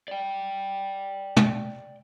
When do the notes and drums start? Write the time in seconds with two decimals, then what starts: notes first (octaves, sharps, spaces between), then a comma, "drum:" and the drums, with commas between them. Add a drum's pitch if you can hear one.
0.08 D5 G5
1.36 drum: tom